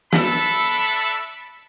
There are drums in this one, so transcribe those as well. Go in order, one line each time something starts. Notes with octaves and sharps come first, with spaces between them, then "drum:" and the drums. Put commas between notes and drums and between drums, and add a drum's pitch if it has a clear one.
D4 A4 E5 B5, drum: snare